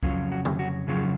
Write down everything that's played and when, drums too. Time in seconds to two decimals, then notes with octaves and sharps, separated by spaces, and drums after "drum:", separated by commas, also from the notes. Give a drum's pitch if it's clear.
0.03 F2 C#3 F#3 C#4 F4, drum: kick
0.32 F#4
0.45 drum: tom
0.59 F#4
0.87 F2 C#3 F#3 C#4 F4 G#4